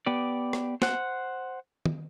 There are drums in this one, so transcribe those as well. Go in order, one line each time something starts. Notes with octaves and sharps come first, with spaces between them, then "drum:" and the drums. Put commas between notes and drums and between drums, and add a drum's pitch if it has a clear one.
B3 G4 D5
drum: rim click
C5 F#5, drum: snare
drum: tom